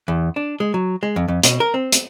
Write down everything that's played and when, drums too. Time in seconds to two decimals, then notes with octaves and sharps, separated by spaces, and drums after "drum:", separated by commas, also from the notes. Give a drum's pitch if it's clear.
0.08 E2
0.36 D4
0.60 G#3
0.74 F#3
1.03 G#3
1.16 F2
1.28 F2
1.43 B2, drum: hi-hat
1.60 A#4
1.74 C4
1.92 drum: hi-hat